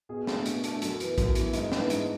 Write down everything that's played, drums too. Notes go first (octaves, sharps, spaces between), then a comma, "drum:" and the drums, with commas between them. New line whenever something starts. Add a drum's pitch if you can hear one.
B2 G#4
A3 D4, drum: snare
B2, drum: hi-hat
A3 D4, drum: hi-hat
F#2 A4, drum: hi-hat
E3 B3, drum: hi-hat
F#2, drum: kick A#1, hi-hat
E3 B3, drum: hi-hat
G#2, drum: hi-hat
E3 B3 D4, drum: snare
G#2, drum: hi-hat